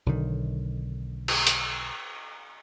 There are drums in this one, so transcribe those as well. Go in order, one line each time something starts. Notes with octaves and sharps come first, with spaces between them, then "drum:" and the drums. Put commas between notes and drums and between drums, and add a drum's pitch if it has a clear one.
B1 D3 D#3
drum: cymbal
drum: hi-hat